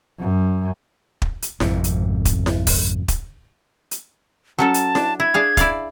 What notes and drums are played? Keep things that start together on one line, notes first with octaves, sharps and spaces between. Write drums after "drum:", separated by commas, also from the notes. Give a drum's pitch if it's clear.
F#2
drum: kick
drum: hi-hat
G#1 F2 G#2 C3, drum: snare E4
drum: hi-hat
drum: kick, hi-hat
drum: snare E4
drum: kick, open hi-hat
drum: kick, hi-hat
drum: hi-hat
F#3 C#4 A4 A5
drum: hi-hat
D4, drum: snare E4
E4 G#6
D4 G#4 F5
E4 D5 F5, drum: kick, hi-hat